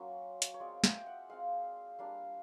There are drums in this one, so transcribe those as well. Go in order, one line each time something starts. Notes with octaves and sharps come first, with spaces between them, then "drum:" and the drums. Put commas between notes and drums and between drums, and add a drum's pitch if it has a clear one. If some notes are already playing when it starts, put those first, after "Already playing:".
Already playing: F#3 A#3 C#4 F4 C#5
drum: hi-hat
C#5
G#3 C4 F4 D5
E5, drum: snare
G5
F#5
G#3 C4 F4 F5
G3 A#3 D4 F5